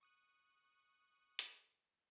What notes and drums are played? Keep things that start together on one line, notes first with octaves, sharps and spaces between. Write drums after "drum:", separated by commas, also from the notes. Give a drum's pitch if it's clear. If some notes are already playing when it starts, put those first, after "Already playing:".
C#6 D#6 F#6
drum: hi-hat